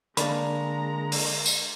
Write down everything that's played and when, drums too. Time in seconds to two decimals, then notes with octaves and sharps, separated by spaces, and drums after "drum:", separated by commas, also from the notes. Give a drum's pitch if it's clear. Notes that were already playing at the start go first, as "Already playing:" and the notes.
0.17 D3 G#3 A#3 D4 A#4 D5 A#5 B5, drum: hi-hat
1.12 drum: open hi-hat
1.46 drum: tambourine